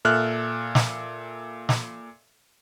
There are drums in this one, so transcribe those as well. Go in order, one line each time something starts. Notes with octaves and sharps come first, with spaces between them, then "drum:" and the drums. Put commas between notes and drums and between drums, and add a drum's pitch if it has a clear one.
A#2 A4 E5 F6 F#6
drum: snare
drum: snare